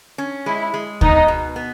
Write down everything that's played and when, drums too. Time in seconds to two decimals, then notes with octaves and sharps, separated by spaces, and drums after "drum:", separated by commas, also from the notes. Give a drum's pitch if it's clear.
0.18 C#4
0.46 G#3 E4
0.74 G#3
1.01 B3 D#4, drum: kick
1.28 B2
1.56 B3